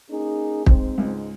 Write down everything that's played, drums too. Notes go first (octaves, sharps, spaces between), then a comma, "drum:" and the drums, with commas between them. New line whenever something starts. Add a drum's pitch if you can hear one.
A#3 C#4 D#4 G#4
G#2 C4, drum: kick
C#2 G#2